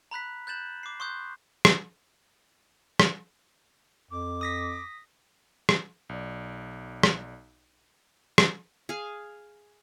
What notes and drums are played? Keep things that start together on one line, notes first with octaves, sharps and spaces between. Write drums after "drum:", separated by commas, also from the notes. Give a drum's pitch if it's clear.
A#5 B5 F#6 B6
F#6 G6 A6 E7 F#7
D6 C7
C6 C#6 D#6 F#6 G6
drum: rim click
drum: rim click
F2 D6
D#6 A#6 B6
drum: rim click
B1 D5
drum: rim click
drum: rim click
G#4 F5